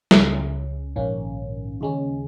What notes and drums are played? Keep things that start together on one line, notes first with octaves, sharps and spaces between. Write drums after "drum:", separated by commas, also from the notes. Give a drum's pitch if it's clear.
C#2 C#3 G#3 C#4, drum: snare
A#1 G#2 D#3 A#3 C#4
D#2 C#3 G#3 C#4